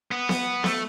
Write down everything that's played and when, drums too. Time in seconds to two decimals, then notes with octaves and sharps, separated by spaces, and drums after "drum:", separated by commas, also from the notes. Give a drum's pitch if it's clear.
0.11 B3
0.29 drum: snare B3
0.64 A3, drum: snare B3